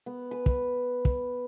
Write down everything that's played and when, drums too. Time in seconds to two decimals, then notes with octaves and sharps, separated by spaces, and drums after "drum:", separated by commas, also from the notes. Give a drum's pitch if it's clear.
0.06 B3
0.31 B4
0.46 drum: kick
1.05 drum: kick